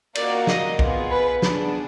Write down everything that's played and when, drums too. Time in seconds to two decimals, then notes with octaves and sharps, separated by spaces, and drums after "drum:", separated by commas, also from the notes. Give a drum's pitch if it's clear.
0.15 A#3 D#4 F#4 D5, drum: cymbal
0.47 D#5, drum: snare
0.79 B3 F4 G#4, drum: kick
1.10 B4
1.42 B3 D4 G#4, drum: snare